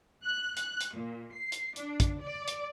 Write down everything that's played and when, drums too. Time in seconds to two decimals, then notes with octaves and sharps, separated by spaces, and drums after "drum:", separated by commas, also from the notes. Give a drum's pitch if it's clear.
0.25 F#6
0.57 F#6, drum: hi-hat
0.81 drum: hi-hat
0.95 A#2
1.33 C7
1.52 drum: hi-hat
1.76 D4, drum: hi-hat
2.00 drum: kick, hi-hat
2.20 D5
2.48 drum: hi-hat